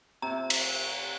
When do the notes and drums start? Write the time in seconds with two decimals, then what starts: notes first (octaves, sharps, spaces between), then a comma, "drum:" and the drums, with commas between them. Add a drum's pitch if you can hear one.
0.22 C3 A#5
0.50 drum: cymbal